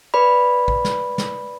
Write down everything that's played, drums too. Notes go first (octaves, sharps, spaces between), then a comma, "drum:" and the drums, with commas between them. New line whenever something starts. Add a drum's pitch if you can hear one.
B4 D5 B5
drum: kick
drum: snare
drum: snare